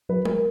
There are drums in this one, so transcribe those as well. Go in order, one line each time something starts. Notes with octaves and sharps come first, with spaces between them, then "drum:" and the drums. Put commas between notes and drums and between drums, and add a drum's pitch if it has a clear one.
F#3 B4
A#4, drum: tom